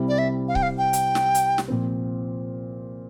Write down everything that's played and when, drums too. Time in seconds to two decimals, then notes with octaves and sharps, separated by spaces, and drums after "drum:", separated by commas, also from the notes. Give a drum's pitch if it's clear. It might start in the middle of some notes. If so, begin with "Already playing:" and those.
Already playing: C2 C3 G3 C4 E4
0.09 D5
0.18 E5
0.48 F5
0.55 G5, drum: kick C#1
0.63 F5
0.78 G5
0.93 drum: hi-hat
1.15 drum: snare
1.35 drum: hi-hat
1.58 drum: snare
1.68 A#2 F3 C4